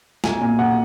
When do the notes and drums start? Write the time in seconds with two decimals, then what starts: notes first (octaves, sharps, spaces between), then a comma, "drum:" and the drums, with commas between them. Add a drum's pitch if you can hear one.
0.24 B1 G#5, drum: snare
0.41 A#2 G#5
0.59 B1 F#5